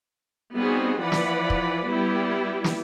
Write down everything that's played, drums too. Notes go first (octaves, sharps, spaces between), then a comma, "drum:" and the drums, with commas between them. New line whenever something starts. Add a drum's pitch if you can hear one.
G3 B3 C4 D#4 F#4 G#4
E3 F3 B4 D5 F#5 B5
drum: snare
drum: kick
G3 B3 E4 G4
drum: snare